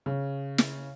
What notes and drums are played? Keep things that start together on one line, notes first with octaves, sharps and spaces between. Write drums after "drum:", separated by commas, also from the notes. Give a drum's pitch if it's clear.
C#3
drum: snare